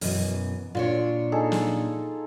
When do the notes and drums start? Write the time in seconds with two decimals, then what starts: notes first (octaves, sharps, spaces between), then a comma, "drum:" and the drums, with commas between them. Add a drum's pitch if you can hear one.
0.01 F#2 B2 E3, drum: open hi-hat
0.75 A#2 D4 F4 C#5
1.32 D#4 G#4 A4
1.52 drum: snare